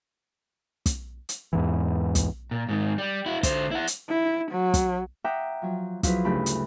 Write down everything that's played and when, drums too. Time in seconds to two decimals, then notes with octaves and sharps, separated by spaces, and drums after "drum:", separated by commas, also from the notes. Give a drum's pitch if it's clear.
0.86 drum: kick, hi-hat
1.29 drum: hi-hat
1.53 E2 G#2 E3
2.15 drum: kick, hi-hat
2.51 A#2
2.69 G#2 D#3
2.98 G3
3.26 E4 F#4
3.43 D3 C5, drum: kick, hi-hat
3.71 E4 F#5
3.87 drum: hi-hat
4.10 E4
4.51 F#3
4.74 drum: kick, hi-hat
5.24 E5 F#5 G5 A#5 D6 D#6
5.62 F3 F#3
6.03 F3 F#3 E4 G#4 B4, drum: kick, hi-hat
6.25 D2 G2 C#3 G4 B5
6.46 drum: hi-hat